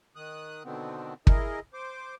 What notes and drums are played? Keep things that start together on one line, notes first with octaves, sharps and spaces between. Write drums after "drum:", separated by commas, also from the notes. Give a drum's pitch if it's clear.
D#3 D#6 F#6
B2 D3 D#3 B3 C4
E4 G#4 A#4 D#5, drum: kick
C5 D6